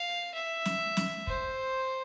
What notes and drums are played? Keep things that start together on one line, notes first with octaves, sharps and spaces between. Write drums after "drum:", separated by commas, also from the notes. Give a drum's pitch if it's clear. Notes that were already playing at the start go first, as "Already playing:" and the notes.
Already playing: F5
E5
drum: snare
drum: snare
C5, drum: kick